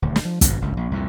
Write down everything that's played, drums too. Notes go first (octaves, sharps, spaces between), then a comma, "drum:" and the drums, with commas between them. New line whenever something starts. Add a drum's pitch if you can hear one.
D#1 D2
drum: snare
F3
G#1 G2 B2, drum: kick, hi-hat
F#1 C#2 G2
A#1
C2 F2 A#2